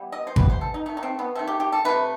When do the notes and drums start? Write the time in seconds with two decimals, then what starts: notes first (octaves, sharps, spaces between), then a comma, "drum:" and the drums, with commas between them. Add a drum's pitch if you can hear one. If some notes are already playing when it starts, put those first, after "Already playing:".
Already playing: E3 G3 B3
0.12 D#5
0.27 C5
0.36 E3 G3 B3 B4, drum: kick G#1
0.50 C5
0.61 A4
0.74 D#4
0.86 D#3 A3 D#4
0.97 D#4
1.03 C4
1.19 B3
1.35 D#3 A3 C4
1.47 G4
1.60 G4
1.72 A4
1.85 C3 F#3 A3 B4